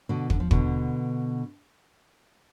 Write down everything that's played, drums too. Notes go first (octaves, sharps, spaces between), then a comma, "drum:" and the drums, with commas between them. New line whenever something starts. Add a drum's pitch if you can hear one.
B2 D3
D3, drum: kick
F3
B2 D3, drum: kick